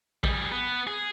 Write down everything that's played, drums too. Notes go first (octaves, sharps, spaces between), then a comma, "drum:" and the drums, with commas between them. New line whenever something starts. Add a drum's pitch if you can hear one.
G3 G#4, drum: kick A1
B3
G#4